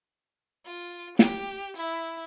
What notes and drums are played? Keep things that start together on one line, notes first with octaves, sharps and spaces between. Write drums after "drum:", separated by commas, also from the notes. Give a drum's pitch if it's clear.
F4
G4, drum: snare
E4